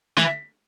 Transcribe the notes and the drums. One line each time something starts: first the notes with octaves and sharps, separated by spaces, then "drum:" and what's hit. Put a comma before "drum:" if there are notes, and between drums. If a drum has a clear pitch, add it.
E3, drum: snare